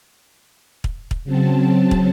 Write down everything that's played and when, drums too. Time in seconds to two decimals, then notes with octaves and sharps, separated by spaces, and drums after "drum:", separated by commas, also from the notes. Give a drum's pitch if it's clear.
0.84 drum: kick
1.11 drum: kick
1.24 C#3 F#3 C4 A5
1.91 drum: kick